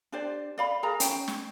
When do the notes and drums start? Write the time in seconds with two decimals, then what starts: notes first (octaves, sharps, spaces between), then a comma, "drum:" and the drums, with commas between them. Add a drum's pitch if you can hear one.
0.12 D4 G4 C5 D5
0.58 D5 F5 B5
0.83 G#4 A#4 A#5
1.00 C#4 G5, drum: hi-hat
1.28 drum: snare